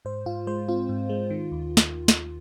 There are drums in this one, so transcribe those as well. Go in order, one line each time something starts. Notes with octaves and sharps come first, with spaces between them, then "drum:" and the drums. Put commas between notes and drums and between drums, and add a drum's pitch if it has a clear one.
G#2 C5
G#2 F4
G#3 C5
C4 F4
G#2
G#3
D#3
D#2
drum: snare
drum: snare